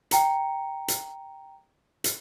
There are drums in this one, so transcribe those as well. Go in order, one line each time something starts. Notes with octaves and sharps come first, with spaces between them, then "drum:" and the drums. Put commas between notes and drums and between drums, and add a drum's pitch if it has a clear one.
G5 A#5 C#7, drum: hi-hat
drum: hi-hat
drum: hi-hat